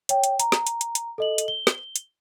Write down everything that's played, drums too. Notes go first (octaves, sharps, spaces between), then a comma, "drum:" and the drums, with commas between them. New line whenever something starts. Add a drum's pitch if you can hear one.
C#5 G5, drum: hi-hat
drum: hi-hat
A#5, drum: hi-hat
drum: snare
drum: hi-hat
drum: hi-hat
drum: hi-hat
A4 D#5 F#7
drum: hi-hat
G7
drum: snare
drum: hi-hat